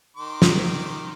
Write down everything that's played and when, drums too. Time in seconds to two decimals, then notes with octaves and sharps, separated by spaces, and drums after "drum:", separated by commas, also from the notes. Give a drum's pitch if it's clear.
0.17 D#3 C6 D6
0.42 drum: snare